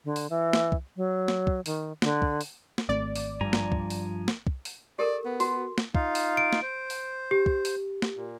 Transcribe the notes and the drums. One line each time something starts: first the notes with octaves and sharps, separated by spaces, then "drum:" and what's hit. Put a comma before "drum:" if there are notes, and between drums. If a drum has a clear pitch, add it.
D3
drum: open hi-hat
E3
drum: snare
drum: kick
F#3
drum: snare
drum: kick
D#3, drum: open hi-hat
D3, drum: snare
drum: kick
drum: open hi-hat
drum: snare
G#1 A3 C4 D5
drum: open hi-hat
G2 F3 G#5 A#5
drum: snare
drum: kick
drum: open hi-hat
drum: snare
drum: kick
drum: open hi-hat
G4 A4 A#4 D5
B3
F#4, drum: open hi-hat
drum: snare
D#4 F4 F5, drum: kick
drum: open hi-hat
D7
drum: snare
C5
drum: open hi-hat
G4
drum: kick
drum: open hi-hat
drum: snare
A#2